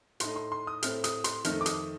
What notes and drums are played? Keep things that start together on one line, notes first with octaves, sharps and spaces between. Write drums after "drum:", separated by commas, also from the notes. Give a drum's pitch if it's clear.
A2 A3 D#4 C6, drum: hi-hat
C6
C6
D#6
A2 A3 C4 F6, drum: hi-hat
D#6, drum: hi-hat
C6, drum: hi-hat
F2 D#3 A3 C4 D#4 F6, drum: hi-hat
D6
D#6, drum: hi-hat